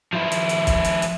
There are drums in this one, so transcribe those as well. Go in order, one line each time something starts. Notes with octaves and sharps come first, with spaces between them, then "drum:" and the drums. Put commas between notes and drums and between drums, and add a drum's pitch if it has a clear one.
F3 E4
drum: hi-hat
drum: hi-hat
drum: kick, hi-hat
drum: hi-hat
drum: hi-hat